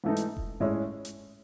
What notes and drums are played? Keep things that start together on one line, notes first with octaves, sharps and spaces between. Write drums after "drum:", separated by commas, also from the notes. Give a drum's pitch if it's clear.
G#2 E3 A3 D#4
drum: hi-hat
drum: kick E1
A2 G#3 C#4 E4
drum: hi-hat